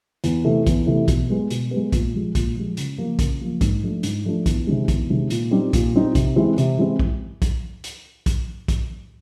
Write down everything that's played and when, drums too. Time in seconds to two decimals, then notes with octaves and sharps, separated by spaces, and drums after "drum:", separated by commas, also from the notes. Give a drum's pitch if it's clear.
0.24 E2, drum: hi-hat
0.45 C3 E3 A3
0.67 E2, drum: kick, hi-hat
0.86 C3 E3 A3
1.08 B2, drum: kick, hi-hat
1.30 G#3 B3
1.50 B2, drum: hi-hat
1.71 G#3 B3
1.92 A#2, drum: kick, hi-hat
2.14 F3 G#3
2.35 A#2, drum: kick, hi-hat
2.56 F3 G#3
2.77 C#3, drum: hi-hat
2.98 F3 A#3
3.19 C#3, drum: kick, hi-hat
3.41 F3 A#3
3.61 G#2, drum: kick, hi-hat
3.83 F3 A3 D4
4.03 G#2, drum: hi-hat
4.25 F3 A3 D4
4.46 E2, drum: kick, hi-hat
4.67 C3 D#3 G#3
4.88 E2, drum: kick, hi-hat
5.10 C3 D#3 G#3
5.30 A#2, drum: hi-hat
5.51 G3 C4 D#4
5.73 A#2, drum: kick, hi-hat
5.94 G3 C4 D#4
6.15 C3, drum: kick, hi-hat
6.36 E3 G#3 C4 E4
6.58 C3, drum: hi-hat
6.78 E3 G#3 C4 E4
6.99 drum: kick
7.42 drum: kick, hi-hat
7.84 drum: hi-hat
8.26 drum: kick, hi-hat
8.68 drum: kick, hi-hat